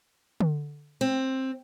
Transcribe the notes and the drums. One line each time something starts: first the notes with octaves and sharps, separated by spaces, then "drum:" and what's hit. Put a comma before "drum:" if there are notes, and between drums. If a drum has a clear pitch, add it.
drum: tom D3
C4